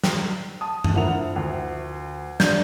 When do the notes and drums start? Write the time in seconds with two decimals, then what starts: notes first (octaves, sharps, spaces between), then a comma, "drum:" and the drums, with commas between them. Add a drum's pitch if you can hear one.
0.04 G5, drum: snare
0.61 A5 D#6
0.84 drum: tom F#2
0.94 D3 F3 E4 A#4 F#5 F7
1.36 D2
2.40 D4 G6, drum: snare